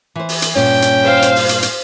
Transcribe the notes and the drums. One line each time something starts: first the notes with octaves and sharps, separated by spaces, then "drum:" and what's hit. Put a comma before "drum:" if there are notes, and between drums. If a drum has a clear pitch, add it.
E3 C5
drum: open hi-hat
drum: hi-hat
G2 A#2 C#4 G5
drum: hi-hat
C5 F5
drum: hi-hat
drum: open hi-hat
drum: hi-hat
drum: hi-hat